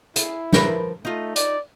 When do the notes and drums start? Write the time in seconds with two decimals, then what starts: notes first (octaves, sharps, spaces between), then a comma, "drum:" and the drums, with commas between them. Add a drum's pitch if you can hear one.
0.16 E4 G#4, drum: hi-hat
0.53 F3 A#4 B4, drum: snare
1.05 A3 D#4 F4
1.36 D5, drum: hi-hat